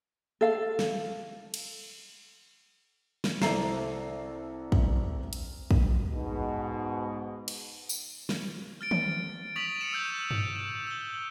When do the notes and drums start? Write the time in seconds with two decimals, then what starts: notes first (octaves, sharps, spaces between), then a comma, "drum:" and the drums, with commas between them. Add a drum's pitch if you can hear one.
0.41 A4 F5
0.79 drum: snare
1.54 drum: cymbal
3.24 drum: snare
3.42 C2 C4 A4 E5 A#5 C7, drum: snare
4.72 drum: kick
5.33 drum: hi-hat
5.71 drum: kick
6.12 G#2 B2
7.48 drum: cymbal
7.89 drum: tambourine
8.29 drum: snare
8.81 F6 A6 D7
8.91 drum: tom D#3
9.56 C#6 D#6 A6 B6 F7 F#7
9.81 C#7 E7
9.93 E6 F6 G6
10.31 drum: tom G2
10.56 E7
10.87 E6 G7